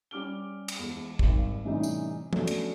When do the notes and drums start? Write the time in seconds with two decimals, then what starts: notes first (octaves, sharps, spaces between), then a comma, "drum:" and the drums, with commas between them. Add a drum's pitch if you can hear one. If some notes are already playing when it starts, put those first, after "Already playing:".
0.11 G3 C#4 D6 F6 D7 G7
0.68 drum: cymbal
0.79 E2 G#3
1.19 G#1 G3, drum: kick
1.64 A2 C3 E3 G3 C#4 D#4
1.83 drum: tambourine
2.33 F#3 A3 B3 C#4 D4, drum: tom F3
2.47 drum: cymbal